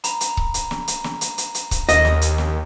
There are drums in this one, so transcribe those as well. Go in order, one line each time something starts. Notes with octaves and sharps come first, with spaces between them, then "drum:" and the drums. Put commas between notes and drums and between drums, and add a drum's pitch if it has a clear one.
A#5 B5, drum: hi-hat
drum: hi-hat
drum: kick C#1
drum: hi-hat
drum: snare
drum: hi-hat
drum: snare
drum: hi-hat
drum: hi-hat
drum: hi-hat
drum: kick C#1, hi-hat
D#2 D#5, drum: hi-hat
drum: snare
drum: hi-hat
drum: snare